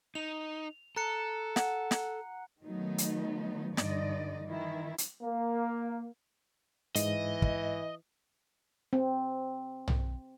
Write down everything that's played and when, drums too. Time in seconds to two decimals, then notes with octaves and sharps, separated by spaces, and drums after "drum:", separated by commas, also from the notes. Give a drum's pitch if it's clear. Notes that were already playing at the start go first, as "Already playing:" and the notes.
0.15 D#4 F7
0.96 A4 A#5 F#6 C#7
1.56 F#5, drum: snare
1.91 drum: snare
2.64 D#3 F#3 A3 B3 D#4
2.98 drum: hi-hat
3.77 G2 D3 E3 D#4 D5 D#5, drum: snare
4.46 D#3 E3 E4
4.98 drum: hi-hat
5.22 A#3
6.95 G#2 E3 D#5, drum: hi-hat
7.42 drum: kick
8.93 C4
9.88 drum: tom